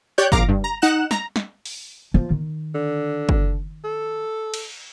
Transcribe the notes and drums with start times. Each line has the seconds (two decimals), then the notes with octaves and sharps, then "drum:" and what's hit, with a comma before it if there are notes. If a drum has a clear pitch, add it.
0.18 G4 C#5 D5 F#6 G6
0.32 A#1 F5 A#5 D6, drum: kick
0.49 G2
0.64 A#5
0.82 D#4 F#5 F#6 E7
1.11 A#5, drum: snare
1.36 drum: snare
1.65 drum: open hi-hat
2.14 F3 F4
2.30 D#3
2.75 D3
3.29 drum: kick
3.84 A4
4.54 drum: cymbal